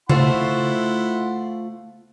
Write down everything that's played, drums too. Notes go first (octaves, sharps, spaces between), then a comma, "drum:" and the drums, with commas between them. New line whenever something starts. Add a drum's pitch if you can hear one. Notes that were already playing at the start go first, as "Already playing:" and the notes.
A3 E4 F4 C5 F#5 C6, drum: tom C#3